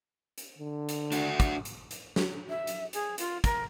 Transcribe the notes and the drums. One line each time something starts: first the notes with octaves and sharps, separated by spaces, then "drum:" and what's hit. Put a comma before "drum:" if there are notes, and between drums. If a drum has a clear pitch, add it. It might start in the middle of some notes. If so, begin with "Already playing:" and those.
drum: hi-hat
D3
drum: hi-hat
D4 F#4, drum: hi-hat
drum: kick, hi-hat
drum: hi-hat
drum: hi-hat
drum: snare
E5
drum: hi-hat
G#4, drum: hi-hat
F4, drum: hi-hat
A#4, drum: kick, hi-hat